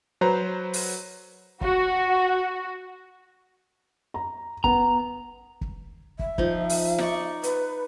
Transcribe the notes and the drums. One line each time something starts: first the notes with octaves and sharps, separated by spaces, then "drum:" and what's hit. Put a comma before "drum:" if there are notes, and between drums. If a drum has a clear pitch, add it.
F#3 B4 C5 A#5
drum: open hi-hat
F#4, drum: kick
A#5
B3 A#5, drum: kick
drum: kick
E5, drum: kick
F3 D#4, drum: kick
drum: open hi-hat
D#4 D5 C#6, drum: snare
B4, drum: hi-hat